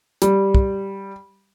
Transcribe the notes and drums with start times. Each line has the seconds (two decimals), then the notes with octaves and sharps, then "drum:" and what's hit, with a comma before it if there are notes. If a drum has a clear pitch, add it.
0.22 G3, drum: hi-hat
0.55 drum: kick